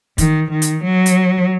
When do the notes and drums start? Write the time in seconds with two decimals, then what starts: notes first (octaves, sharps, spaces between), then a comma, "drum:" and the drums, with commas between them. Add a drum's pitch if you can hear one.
0.18 D#3, drum: kick, hi-hat
0.51 D#3
0.62 drum: hi-hat
0.84 F#3
1.06 drum: hi-hat